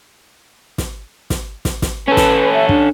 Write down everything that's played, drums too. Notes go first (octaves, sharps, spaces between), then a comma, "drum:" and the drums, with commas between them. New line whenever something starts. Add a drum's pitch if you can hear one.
drum: snare
drum: snare
drum: snare
drum: snare
C#4 A4 B4
drum: snare
E5
D4, drum: kick